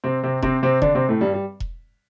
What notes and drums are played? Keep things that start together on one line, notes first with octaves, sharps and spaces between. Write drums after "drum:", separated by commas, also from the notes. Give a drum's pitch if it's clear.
C3 C4
C3 C4
C3 C4, drum: kick E1
C3 C4
D3 D4, drum: kick E1
C3 C4
A2 A3
G2 G3
G3
drum: kick E1